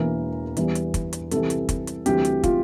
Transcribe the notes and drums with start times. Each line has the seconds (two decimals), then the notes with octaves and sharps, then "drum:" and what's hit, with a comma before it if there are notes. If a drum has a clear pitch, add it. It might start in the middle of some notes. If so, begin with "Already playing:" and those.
Already playing: E1 E2 E3 A#3 A#4
0.57 E2 E3 G3, drum: hi-hat
0.75 drum: hi-hat
0.94 drum: kick, hi-hat
1.13 drum: hi-hat
1.31 C2 C3 E3 A4, drum: hi-hat
1.50 drum: hi-hat
1.69 drum: kick, hi-hat
1.87 drum: hi-hat
2.06 D2 C3 E3 G3 G4, drum: hi-hat
2.25 drum: hi-hat
2.43 F4, drum: kick, hi-hat